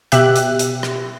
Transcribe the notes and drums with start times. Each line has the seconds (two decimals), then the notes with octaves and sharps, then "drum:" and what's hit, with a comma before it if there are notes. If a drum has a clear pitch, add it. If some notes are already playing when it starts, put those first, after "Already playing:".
0.12 B2 G4 E5 F#6, drum: hi-hat
0.36 drum: hi-hat
0.59 drum: hi-hat
0.83 drum: rim click